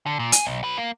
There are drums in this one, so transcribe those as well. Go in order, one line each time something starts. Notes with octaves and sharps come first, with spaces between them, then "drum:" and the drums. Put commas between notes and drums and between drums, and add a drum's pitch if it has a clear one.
D3
A#2
G#4, drum: hi-hat
B1
F#3 B4
A#3